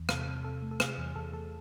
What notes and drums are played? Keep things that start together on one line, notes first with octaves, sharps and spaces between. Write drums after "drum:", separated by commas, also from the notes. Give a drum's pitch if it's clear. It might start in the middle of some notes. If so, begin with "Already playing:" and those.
Already playing: E2
C3 A4, drum: rim click
C3
C3 A4
A3
A4
C3 G#4, drum: rim click
E2
E2 A4
E2 A4